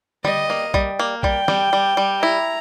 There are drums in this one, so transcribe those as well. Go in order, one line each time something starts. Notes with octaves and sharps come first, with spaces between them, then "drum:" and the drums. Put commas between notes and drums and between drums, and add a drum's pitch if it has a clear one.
G3 D#5, drum: tom D3
A#3
G3, drum: kick A#1
A#3
G3 G5, drum: kick A#1
G3, drum: snare
G3
G3
E4 A#5